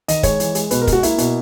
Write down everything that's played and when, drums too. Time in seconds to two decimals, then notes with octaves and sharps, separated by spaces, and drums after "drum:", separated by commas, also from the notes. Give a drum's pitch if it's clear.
0.08 D#3 D#5, drum: hi-hat
0.23 G#3 C#5, drum: kick, hi-hat
0.40 E3, drum: hi-hat
0.55 G#3, drum: hi-hat
0.71 B2 B4, drum: hi-hat
0.82 A#4
0.87 G#3, drum: kick, hi-hat
0.93 F#4
1.03 A#3 E4, drum: hi-hat
1.18 B2, drum: hi-hat